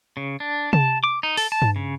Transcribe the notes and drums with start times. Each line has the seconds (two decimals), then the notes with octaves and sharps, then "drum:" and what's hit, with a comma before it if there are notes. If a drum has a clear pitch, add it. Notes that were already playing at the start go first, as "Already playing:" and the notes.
0.17 C#3
0.40 D4
0.73 A5, drum: tom C3
1.04 D6
1.23 D#4
1.37 A4, drum: open hi-hat
1.52 A5
1.62 drum: tom G2
1.76 C#3